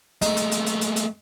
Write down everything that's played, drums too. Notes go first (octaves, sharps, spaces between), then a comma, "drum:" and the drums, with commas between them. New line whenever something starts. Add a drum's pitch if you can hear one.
G#3 A3 D#4, drum: hi-hat
drum: hi-hat
drum: hi-hat
drum: hi-hat
drum: hi-hat
drum: hi-hat